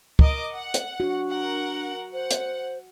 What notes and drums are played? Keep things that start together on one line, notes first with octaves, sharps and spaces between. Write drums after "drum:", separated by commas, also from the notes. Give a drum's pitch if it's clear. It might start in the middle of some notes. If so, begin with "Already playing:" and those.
A#4 D#5 D6, drum: kick C#2
F#5
drum: hi-hat
D4 F#4
A#4 F#5
C5 F#5
drum: hi-hat